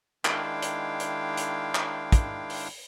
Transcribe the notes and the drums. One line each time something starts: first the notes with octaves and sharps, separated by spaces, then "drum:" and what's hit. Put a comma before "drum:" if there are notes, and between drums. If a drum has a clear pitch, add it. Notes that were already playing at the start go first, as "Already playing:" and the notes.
D#3 G#3 D4 E4 F5 G5, drum: clap
drum: hi-hat
drum: hi-hat
drum: hi-hat
drum: clap
drum: kick, hi-hat
drum: open hi-hat